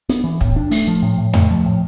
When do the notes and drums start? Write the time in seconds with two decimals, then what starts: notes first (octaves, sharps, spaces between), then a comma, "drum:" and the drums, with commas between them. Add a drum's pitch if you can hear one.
0.09 B3, drum: hi-hat
0.24 E3
0.41 A2, drum: kick
0.56 D4
0.71 A3, drum: open hi-hat
0.87 F3
1.02 A2
1.18 A2
1.33 A3, drum: tom E2
1.50 F3
1.66 A2